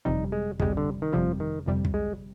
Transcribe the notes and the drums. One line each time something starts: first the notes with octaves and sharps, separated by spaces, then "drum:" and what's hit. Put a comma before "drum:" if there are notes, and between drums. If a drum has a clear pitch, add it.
G1 F2 C3 G3 D#4
G#3
G1 F2 C3 G3 G#3, drum: kick
D3
D#3
G1 F2 C3 F3 G3
D#3
G1 F2 C3 G3
drum: kick
G#3